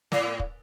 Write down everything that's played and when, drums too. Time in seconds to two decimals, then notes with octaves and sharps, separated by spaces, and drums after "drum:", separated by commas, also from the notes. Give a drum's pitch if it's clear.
0.12 A2, drum: snare
0.40 drum: kick